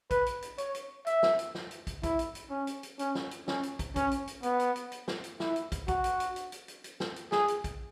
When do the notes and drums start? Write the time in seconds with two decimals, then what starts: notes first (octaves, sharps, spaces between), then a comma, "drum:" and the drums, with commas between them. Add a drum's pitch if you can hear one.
0.11 B4, drum: kick, hi-hat
0.26 drum: hi-hat
0.43 drum: hi-hat
0.58 C#5, drum: hi-hat
0.75 drum: hi-hat
1.07 E5, drum: hi-hat
1.23 drum: snare
1.39 drum: hi-hat
1.55 drum: snare
1.71 drum: hi-hat
1.87 drum: kick, hi-hat
2.03 E4, drum: kick, hi-hat
2.19 drum: hi-hat
2.35 drum: hi-hat
2.50 C#4
2.67 drum: hi-hat
2.83 drum: hi-hat
2.99 C#4, drum: hi-hat
3.15 drum: snare
3.31 drum: hi-hat
3.48 C#4, drum: snare
3.63 drum: hi-hat
3.79 drum: kick, hi-hat
3.96 C#4, drum: kick, hi-hat
4.11 drum: hi-hat
4.27 drum: hi-hat
4.43 B3, drum: hi-hat
4.60 drum: hi-hat
4.76 drum: hi-hat
4.92 drum: hi-hat
5.08 drum: snare
5.24 drum: hi-hat
5.40 E4, drum: snare
5.56 drum: hi-hat
5.72 drum: kick, hi-hat
5.88 F#4, drum: kick, hi-hat
6.04 drum: hi-hat
6.20 drum: hi-hat
6.36 drum: hi-hat
6.52 drum: hi-hat
6.68 drum: hi-hat
6.84 drum: hi-hat
7.00 drum: snare
7.16 drum: hi-hat
7.32 G#4, drum: snare
7.48 drum: hi-hat
7.64 drum: kick, hi-hat